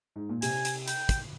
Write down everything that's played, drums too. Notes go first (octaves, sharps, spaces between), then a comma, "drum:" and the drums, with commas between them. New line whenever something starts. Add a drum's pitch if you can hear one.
G#2
A#2
C3 G#5, drum: hi-hat
drum: hi-hat
G5, drum: hi-hat
drum: kick, hi-hat